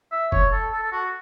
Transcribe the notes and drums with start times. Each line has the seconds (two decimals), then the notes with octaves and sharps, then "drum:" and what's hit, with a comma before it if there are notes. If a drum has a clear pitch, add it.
0.12 E5
0.32 C#5, drum: kick F1
0.52 A4
0.72 A4
0.84 A4
0.92 F#4